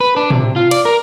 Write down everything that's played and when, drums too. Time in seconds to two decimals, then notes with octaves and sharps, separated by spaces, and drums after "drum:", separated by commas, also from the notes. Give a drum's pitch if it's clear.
0.01 B4
0.17 D4
0.31 C3, drum: tom A2
0.56 F4
0.71 D5, drum: cymbal
0.85 A#4